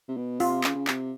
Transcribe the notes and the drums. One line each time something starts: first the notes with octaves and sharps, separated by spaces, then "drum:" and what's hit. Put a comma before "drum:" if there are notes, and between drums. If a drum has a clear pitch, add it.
C3
B2
C3 F4, drum: open hi-hat
C#3, drum: clap
C#3
C3, drum: clap